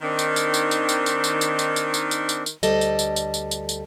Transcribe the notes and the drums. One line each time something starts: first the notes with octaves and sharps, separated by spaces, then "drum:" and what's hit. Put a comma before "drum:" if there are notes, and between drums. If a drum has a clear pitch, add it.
D#3 C4 D4
drum: tambourine
drum: tambourine
drum: tambourine
drum: tambourine
drum: tambourine
drum: tambourine
drum: tambourine
drum: tambourine
drum: tambourine
drum: tambourine
drum: tambourine
drum: tambourine
drum: tambourine
drum: tambourine
D2 G3 A4 D#5, drum: tambourine
drum: tambourine
drum: tambourine
drum: tambourine
drum: tambourine
drum: tambourine
drum: tambourine